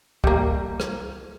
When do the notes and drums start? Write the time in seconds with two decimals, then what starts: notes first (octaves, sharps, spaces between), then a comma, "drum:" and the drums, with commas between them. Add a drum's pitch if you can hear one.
0.24 G3 A#3, drum: kick
0.80 drum: rim click